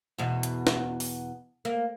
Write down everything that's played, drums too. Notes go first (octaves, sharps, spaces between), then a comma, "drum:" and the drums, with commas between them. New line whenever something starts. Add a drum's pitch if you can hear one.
E2 B2
drum: hi-hat
drum: snare
drum: open hi-hat
A#3